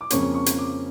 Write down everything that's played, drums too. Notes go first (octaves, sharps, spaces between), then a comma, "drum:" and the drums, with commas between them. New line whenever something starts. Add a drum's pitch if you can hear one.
D6
F2 C#3 F3 A#3 C#4 C#6, drum: hi-hat
C#6
drum: hi-hat
D6